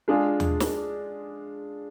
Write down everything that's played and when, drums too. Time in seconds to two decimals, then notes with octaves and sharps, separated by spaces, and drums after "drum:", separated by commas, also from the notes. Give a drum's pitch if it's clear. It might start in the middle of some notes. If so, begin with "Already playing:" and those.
0.08 G#3 D4 F4 G#4
0.40 drum: tom D#2
0.60 drum: snare